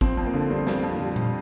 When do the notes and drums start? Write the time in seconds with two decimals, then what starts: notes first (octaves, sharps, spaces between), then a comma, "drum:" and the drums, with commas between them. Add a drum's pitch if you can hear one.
0.01 F2 C4, drum: kick G#1
0.17 F2
0.26 A#3
0.34 D3
0.50 G3 C4
0.67 F2, drum: snare
0.83 F2
1.00 G3, drum: tom
1.16 drum: tom A#2